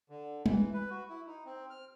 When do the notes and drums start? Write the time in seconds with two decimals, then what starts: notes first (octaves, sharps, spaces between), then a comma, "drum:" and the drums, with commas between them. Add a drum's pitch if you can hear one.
0.09 D3
0.46 E3, drum: tom G3
0.73 B4
0.90 F#4
1.09 E4
1.27 D#4
1.46 C4
1.70 F6